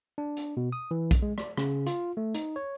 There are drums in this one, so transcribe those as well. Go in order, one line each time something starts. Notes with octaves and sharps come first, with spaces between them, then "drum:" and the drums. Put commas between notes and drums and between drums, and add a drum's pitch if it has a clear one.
D4
drum: hi-hat
B2
D#6
E3
drum: kick B1, hi-hat
G#3
D5, drum: rim click
C#3, drum: rim click
F4, drum: hi-hat
A3
D#4, drum: hi-hat
C#5